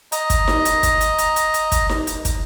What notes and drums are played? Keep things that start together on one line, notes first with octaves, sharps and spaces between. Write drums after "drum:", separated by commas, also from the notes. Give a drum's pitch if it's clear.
D#5 A#5, drum: hi-hat
drum: kick, hi-hat
drum: snare D#4
drum: hi-hat
drum: kick, hi-hat
drum: hi-hat
drum: hi-hat
drum: hi-hat
drum: hi-hat
drum: kick, hi-hat
drum: snare D#4
drum: hi-hat
drum: kick, hi-hat